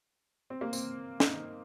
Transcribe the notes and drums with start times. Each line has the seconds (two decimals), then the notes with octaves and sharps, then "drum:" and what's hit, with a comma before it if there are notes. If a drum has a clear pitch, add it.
0.50 C4
0.61 A#3
0.73 C4, drum: tambourine
1.20 D#4, drum: snare